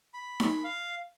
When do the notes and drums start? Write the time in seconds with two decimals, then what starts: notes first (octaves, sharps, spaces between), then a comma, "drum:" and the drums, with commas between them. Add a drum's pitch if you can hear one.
0.14 B5
0.40 drum: snare D#4
0.64 F5